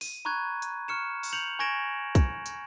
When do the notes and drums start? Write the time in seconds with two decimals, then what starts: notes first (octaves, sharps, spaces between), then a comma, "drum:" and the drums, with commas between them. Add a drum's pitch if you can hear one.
0.01 D#7, drum: open hi-hat
0.25 A#5 B5 C#6 F#6 G#6
0.62 drum: hi-hat
0.88 C#6 F6 C#7 E7
1.23 drum: open hi-hat
1.33 G6 C#7 F7 F#7
1.59 G#5 C#6 G#6 A#6 D7 E7
2.15 drum: kick, hi-hat
2.46 drum: hi-hat